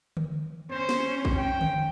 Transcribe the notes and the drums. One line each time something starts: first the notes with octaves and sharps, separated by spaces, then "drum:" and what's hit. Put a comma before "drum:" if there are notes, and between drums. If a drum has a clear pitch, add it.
drum: tom D3
C#4 C5
drum: snare
drum: kick
G5
drum: tom D3